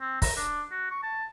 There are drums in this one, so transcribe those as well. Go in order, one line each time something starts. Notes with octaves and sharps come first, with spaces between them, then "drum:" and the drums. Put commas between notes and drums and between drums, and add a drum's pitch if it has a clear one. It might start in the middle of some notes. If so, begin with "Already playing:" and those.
C4
A#5, drum: kick, open hi-hat
D4
F#4
C#6
A5